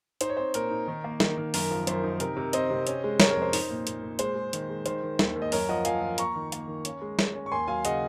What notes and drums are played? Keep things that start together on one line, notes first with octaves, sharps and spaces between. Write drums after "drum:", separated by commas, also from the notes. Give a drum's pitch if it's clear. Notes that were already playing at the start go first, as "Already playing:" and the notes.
D#4 C5, drum: hi-hat
C#5
C4 C5
A#2 A#4, drum: hi-hat
D#4
D#3
A#3
D#3, drum: snare
D#3
F#2 A#4, drum: open hi-hat
F3
F#2 C5, drum: hi-hat
D#4
C3 A#4, drum: hi-hat
C3
C4 C5 D#5, drum: hi-hat
C3
C#4, drum: hi-hat
G#3
G#3 A#4 C#5, drum: snare
A#4
F2
C5
D#4, drum: open hi-hat
A#2
A#2, drum: hi-hat
A#2
G#3 C5, drum: hi-hat
G#3
D#3, drum: hi-hat
G#3
D#3 C5, drum: hi-hat
D#3
D#2, drum: snare
D#2
D#5
F#2 A#4 C#5, drum: open hi-hat
F3 D#5 F#5
F3 F5 G#5, drum: hi-hat
F3
A#3 A#5 C#6, drum: hi-hat
D#3
A#3, drum: hi-hat
D#3
C#4, drum: hi-hat
G#3
C#4, drum: snare
C#4
C#6
D#2 G#5 C6
F#3 F5 G#5
C#3 D#5 F#5, drum: hi-hat